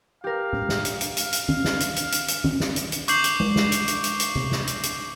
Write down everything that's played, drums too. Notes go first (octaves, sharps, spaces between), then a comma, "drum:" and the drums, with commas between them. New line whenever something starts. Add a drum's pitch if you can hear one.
G4 A#4 F5
drum: tom A2
drum: snare
drum: hi-hat
drum: hi-hat
drum: hi-hat
drum: hi-hat
drum: tom
drum: snare
drum: hi-hat
drum: hi-hat
drum: hi-hat
drum: hi-hat
drum: tom
drum: snare
drum: hi-hat
drum: hi-hat
C#6 D6 G6 C7 F#7, drum: hi-hat
drum: hi-hat
drum: tom G#3
drum: snare
drum: hi-hat
drum: hi-hat
drum: hi-hat
drum: hi-hat
drum: tom C3
drum: snare
drum: hi-hat
drum: hi-hat